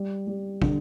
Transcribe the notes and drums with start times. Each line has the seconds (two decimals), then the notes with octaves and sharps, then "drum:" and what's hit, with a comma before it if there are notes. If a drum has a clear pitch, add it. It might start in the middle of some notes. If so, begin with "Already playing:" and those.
Already playing: G3
0.27 G3
0.62 D3, drum: kick